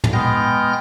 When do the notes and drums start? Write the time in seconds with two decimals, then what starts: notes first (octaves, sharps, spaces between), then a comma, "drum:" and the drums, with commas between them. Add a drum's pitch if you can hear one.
0.04 drum: tom
0.13 G#3 B3 G5 F6 G6 A#6